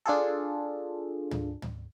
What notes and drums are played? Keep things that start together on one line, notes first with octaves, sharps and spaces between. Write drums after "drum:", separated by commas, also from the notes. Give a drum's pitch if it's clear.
D4 F4 G#4 A4
drum: tom
drum: tom